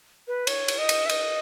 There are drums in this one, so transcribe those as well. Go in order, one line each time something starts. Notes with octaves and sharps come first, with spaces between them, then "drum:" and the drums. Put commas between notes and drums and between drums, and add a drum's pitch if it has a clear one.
B4
C#5, drum: cymbal
drum: cymbal
D#5
drum: cymbal
E5
D#5, drum: cymbal